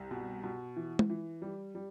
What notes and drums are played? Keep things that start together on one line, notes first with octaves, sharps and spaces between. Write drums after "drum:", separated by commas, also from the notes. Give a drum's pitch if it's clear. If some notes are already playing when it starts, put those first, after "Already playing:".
Already playing: C2
B2
B2
E3
drum: tom
E3
G3
G3